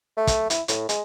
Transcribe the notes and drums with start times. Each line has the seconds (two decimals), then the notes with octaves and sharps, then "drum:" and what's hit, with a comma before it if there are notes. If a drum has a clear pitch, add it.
0.17 A3
0.27 drum: kick, hi-hat
0.50 E4, drum: hi-hat
0.68 A2, drum: hi-hat
0.89 G#3, drum: hi-hat